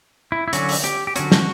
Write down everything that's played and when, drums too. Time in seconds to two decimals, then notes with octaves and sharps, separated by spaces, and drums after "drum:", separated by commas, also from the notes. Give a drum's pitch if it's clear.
0.32 E4
0.48 E4
0.53 D3 F#3 C#4 F#4, drum: hi-hat
0.69 drum: open hi-hat
0.84 G4, drum: hi-hat
1.07 G4
1.16 D3 F#3 C#4 F#4, drum: hi-hat
1.32 drum: snare